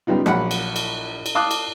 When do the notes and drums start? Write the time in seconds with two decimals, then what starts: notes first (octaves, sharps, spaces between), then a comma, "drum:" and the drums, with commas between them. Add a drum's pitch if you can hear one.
0.07 F#2 C#3 G3 B3 D#4 F4
0.26 A#1 F#3 F#5 B5, drum: rim click
0.51 drum: cymbal
0.76 drum: cymbal
1.26 drum: cymbal
1.35 F5 A5 D6 D#6 F#6
1.51 drum: cymbal